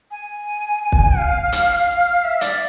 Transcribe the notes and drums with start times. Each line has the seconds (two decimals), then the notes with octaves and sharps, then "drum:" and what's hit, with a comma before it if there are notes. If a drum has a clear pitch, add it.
0.11 G#5
0.92 drum: kick
1.17 F5
1.52 drum: hi-hat
2.24 E5
2.41 D5, drum: hi-hat